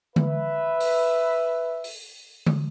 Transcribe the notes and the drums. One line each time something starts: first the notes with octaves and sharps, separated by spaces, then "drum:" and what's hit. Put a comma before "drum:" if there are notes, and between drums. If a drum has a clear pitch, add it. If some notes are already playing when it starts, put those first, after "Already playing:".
B4 E5, drum: tom D3
drum: open hi-hat
drum: open hi-hat
drum: tom D3